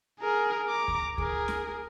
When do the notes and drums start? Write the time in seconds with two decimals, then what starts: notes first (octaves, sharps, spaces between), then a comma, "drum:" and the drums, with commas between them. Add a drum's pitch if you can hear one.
0.21 G#4 A#4
0.68 A#5 D6
0.88 drum: kick D2
1.18 G#4 A#4, drum: kick D2
1.48 drum: snare